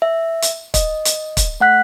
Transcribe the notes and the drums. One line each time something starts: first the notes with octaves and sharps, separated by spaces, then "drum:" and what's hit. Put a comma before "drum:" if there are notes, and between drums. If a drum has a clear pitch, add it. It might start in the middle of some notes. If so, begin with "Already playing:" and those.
E5
drum: hi-hat
D#5, drum: kick, hi-hat
drum: hi-hat
drum: kick, hi-hat
A3 F#5 F#6 B6